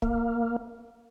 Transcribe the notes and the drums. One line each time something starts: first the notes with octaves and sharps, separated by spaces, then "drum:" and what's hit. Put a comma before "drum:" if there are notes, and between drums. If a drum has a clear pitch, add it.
A#3, drum: kick